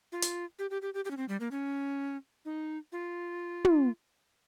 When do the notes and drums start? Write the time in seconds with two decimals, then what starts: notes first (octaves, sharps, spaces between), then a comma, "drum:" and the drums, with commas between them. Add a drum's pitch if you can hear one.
0.12 F4
0.22 drum: hi-hat
0.59 G4
0.70 G4
0.82 G4
0.94 G4
1.05 G4
1.11 C#4
1.17 C4
1.28 G3
1.40 A#3
1.51 C#4
2.45 D#4
2.92 F4
3.65 drum: tom